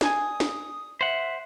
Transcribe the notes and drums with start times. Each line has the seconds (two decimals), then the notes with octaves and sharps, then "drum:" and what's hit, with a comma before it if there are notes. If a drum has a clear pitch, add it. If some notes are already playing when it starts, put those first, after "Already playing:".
0.01 D4 G#4 G#5 D#6, drum: snare
0.40 drum: snare
1.01 C5 E5 F#5